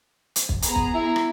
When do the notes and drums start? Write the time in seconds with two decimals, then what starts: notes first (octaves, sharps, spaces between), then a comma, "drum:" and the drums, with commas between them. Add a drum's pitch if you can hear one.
0.36 drum: hi-hat
0.49 drum: kick
0.62 B3 G#4 A#5, drum: hi-hat
0.76 drum: kick
0.94 E4
1.16 drum: rim click